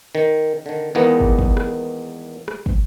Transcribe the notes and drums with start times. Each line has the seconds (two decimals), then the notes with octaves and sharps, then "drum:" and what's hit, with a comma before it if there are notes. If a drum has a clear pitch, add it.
0.15 D#3
0.66 D3 D#3
0.95 E2 D#3 G#3 A#3 B3
1.20 drum: kick
1.39 drum: kick
1.57 drum: rim click
2.48 drum: rim click
2.66 drum: kick